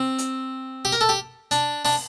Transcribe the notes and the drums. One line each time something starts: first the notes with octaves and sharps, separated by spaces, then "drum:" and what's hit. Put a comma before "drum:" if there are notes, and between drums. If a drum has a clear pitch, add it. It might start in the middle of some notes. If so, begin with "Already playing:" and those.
Already playing: C4
drum: hi-hat
G4
A#4
A4
G4
D4, drum: hi-hat
D4, drum: open hi-hat